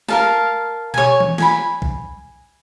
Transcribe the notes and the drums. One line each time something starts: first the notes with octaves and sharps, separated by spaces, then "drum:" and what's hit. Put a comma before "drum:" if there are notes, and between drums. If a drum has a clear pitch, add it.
A#4 F5 A5, drum: snare
C#5 G#5, drum: tom B2
drum: tom E3
G#5 B5, drum: snare
drum: kick